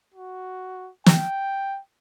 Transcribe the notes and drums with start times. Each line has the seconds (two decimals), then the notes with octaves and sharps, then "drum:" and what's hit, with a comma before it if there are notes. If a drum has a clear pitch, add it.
0.14 F#4
1.06 G5, drum: snare